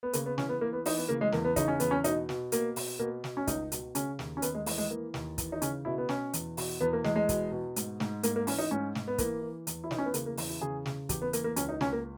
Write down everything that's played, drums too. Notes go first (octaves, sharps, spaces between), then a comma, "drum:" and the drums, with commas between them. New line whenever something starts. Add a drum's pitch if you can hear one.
B3
C#3 A#3, drum: hi-hat
B3
E3 C#4, drum: snare
B3
E3 A#3
B3
E3 D#4, drum: open hi-hat
B3
C#3 A#3
G#3
E2 A#3, drum: snare
B3
C#3 D#4, drum: kick, hi-hat
C#4
E2 B3, drum: hi-hat
C#4
B2 D#4, drum: hi-hat
B2, drum: snare
B2 A#3, drum: hi-hat
B2, drum: open hi-hat
B2 A#3
B2, drum: snare
C#4
C#2 D#4, drum: kick, hi-hat
B2, drum: hi-hat
C#3 C#4, drum: hi-hat
D#2, drum: snare
C#4
D#2 B3, drum: hi-hat
G#3
E3 G#3, drum: open hi-hat
G#3
E3 A#3
D#2, drum: snare
E3, drum: kick, hi-hat
D#4
C#3 C#4, drum: hi-hat
B2 E4
B3
B2 C#4, drum: snare
E2, drum: hi-hat
B2, drum: open hi-hat
E2 B3
A#3
E2 G#3, drum: snare
G#3
B2, drum: kick, hi-hat
B2
G#2, drum: hi-hat
G#2, drum: snare
G#2 A#3, drum: hi-hat
A#3
E3 C#4, drum: open hi-hat
D#4
G#2 C#4
G#2, drum: snare
B3
E3 A#3, drum: kick, hi-hat
E3
E2, drum: hi-hat
E4
E3 D#4, drum: snare
C#4
B3
C#3 A#3, drum: hi-hat
A#3
E2, drum: open hi-hat
E4
C#3 G#4
C#3, drum: snare
E2 G4, drum: kick, hi-hat
B3
E3 A#3, drum: hi-hat
A#3
C#2 C#4, drum: hi-hat
D#4
C#2 C#4, drum: snare
A#3